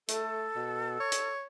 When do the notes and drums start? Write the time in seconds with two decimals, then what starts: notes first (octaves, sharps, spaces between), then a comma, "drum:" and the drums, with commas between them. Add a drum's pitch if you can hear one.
0.08 A3 A4, drum: hi-hat
0.56 B2
1.00 C#5
1.12 drum: hi-hat